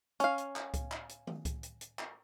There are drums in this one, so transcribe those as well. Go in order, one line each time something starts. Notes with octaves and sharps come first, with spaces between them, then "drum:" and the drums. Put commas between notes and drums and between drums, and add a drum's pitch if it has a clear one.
C#4 F5, drum: hi-hat
drum: hi-hat
drum: clap
drum: kick C#2, hi-hat
drum: clap
drum: hi-hat
drum: tom D#3
drum: kick C#2, hi-hat
drum: hi-hat
drum: hi-hat
drum: clap